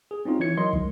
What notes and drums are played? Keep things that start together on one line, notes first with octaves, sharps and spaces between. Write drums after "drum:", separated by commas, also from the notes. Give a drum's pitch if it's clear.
G#4
C4 C#4 D#4 F4
E3 E4 C#5 G#6 C#7
F#3 A#4 D#5 C6
D#3 G#3, drum: kick